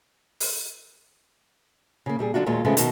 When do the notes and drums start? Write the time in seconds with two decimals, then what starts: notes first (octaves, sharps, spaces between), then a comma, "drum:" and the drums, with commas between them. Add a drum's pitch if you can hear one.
0.40 drum: open hi-hat
2.06 C#3 A#3
2.19 A#2 G3 G#4
2.34 D3 F#3 A3 D4 F4 F#4
2.46 D#2 A#2 G#3 A#3 F4 C#5
2.65 E2 C#3 F3 G#3 A3 B3
2.77 B2 D#3, drum: hi-hat